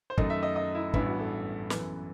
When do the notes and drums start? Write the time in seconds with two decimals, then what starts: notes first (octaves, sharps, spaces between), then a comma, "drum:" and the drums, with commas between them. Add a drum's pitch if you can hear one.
0.10 C5
0.18 F#2 D#3 A3 D#5, drum: kick
0.30 E5
0.43 D#5
0.56 D#5
0.75 E4
0.94 A1 G2 E3 B3 E4, drum: kick
1.06 F#4
1.19 A4
1.70 F#2 E3 B3, drum: snare